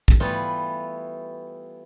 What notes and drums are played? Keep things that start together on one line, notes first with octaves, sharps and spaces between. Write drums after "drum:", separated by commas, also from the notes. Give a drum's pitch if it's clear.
drum: kick
E3 G3 A3 B3 E4 F4